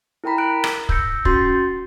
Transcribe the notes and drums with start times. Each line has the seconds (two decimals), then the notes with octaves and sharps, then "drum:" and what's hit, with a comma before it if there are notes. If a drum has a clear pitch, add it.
0.24 E4 A#4 G5 A#5 B5 B6
0.38 F#6 D7
0.64 drum: rim click
0.89 E6 G6 A#6 C#7, drum: kick
1.25 C#4 F#4 C6 G6 A6, drum: kick